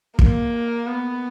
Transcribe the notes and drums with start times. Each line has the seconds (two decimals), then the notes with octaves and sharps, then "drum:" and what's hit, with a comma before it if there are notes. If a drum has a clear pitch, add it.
0.19 A#3, drum: kick
0.87 B3